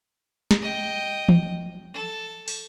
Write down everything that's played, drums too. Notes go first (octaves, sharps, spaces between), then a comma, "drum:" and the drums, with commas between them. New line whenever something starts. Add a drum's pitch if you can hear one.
drum: snare
D#5 G5
drum: tom
A4
drum: open hi-hat